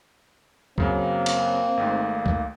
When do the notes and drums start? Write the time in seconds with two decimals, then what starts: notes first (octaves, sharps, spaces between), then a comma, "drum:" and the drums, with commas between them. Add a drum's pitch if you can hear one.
0.78 F#2 C#3 F#3 A#3 C4, drum: kick C#2
1.26 drum: cymbal
1.77 G#1 G#2 A3
2.26 drum: kick C#2